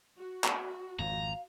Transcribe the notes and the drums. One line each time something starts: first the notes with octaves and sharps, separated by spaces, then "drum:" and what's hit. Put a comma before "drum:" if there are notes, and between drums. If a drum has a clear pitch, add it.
F#4
drum: clap
G#1 F2 F5 A#5